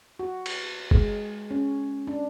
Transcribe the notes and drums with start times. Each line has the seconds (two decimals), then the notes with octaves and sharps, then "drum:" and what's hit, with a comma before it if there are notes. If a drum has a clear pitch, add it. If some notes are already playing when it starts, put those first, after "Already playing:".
0.19 F#4
0.46 drum: cymbal
0.91 G#3, drum: kick G1
1.51 C#4
2.07 D4